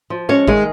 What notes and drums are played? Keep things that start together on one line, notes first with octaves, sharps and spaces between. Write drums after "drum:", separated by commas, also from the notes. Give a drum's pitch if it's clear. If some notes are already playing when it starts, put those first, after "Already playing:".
F3
G#3 C#4 C#5
D#3 G#3 G#4, drum: kick G#1